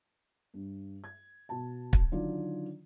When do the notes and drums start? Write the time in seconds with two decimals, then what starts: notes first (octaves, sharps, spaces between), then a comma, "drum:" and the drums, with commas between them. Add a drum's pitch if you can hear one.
0.54 G2
1.04 G#6
1.49 B2 A5
1.93 drum: kick
2.12 D3 D#3 F#3 F4 F#4 D5